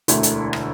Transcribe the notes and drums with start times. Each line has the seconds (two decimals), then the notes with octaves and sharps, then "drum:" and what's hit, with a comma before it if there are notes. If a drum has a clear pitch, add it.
0.08 E1 D2 D3 A3 E4, drum: hi-hat
0.23 drum: hi-hat
0.53 drum: rim click